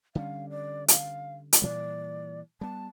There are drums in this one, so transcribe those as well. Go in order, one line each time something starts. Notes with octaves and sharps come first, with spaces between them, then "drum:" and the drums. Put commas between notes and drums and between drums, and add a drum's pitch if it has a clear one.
D3 G3 C#4 F5
D5
F5, drum: hi-hat
drum: hi-hat
A#2 E3 G3 D5
G3 B3 A5